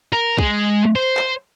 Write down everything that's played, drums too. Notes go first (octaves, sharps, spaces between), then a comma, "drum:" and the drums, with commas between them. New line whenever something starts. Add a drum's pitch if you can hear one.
A#4
G#3, drum: kick
C5
drum: clap